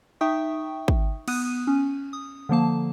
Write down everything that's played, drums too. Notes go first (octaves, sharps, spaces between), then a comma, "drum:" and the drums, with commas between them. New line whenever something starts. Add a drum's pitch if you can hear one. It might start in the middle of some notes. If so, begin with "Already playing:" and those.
D#4 E5 G5 C#6 D#6
drum: kick
B3 D#6 F#6 D#7, drum: cymbal
C#4
D#6
D3 F3 A#3 A5